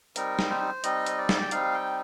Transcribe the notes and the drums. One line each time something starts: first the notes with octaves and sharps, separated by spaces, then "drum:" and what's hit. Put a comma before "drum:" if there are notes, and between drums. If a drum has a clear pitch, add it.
G3 C4 D#4 A#4, drum: hi-hat
drum: snare
C5
G3 C4 D#4 D#5, drum: hi-hat
drum: hi-hat
D5
drum: snare
G5
G3 C4 D#4 F5, drum: hi-hat
G5